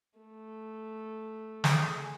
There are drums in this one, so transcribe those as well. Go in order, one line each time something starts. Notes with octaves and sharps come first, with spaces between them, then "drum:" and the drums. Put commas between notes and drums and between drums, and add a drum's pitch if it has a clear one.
A3
G#4, drum: snare